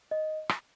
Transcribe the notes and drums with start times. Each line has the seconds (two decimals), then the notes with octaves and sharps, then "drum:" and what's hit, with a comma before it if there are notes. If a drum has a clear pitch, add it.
0.11 D#5
0.49 drum: rim click